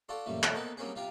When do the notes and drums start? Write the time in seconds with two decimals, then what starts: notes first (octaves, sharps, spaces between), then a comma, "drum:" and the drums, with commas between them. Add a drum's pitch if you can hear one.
0.09 F4 F#4 A4 D5 C6
0.26 F#2 A#2 E3 G3 A3
0.43 B2 F3 F#3 A3, drum: clap
0.55 A#3 B3 F#4 A4 C5 D#5
0.77 F#3 G3 A#3 C4 C#4 G#4
0.95 C3 G3 F4 F5 G5 A#5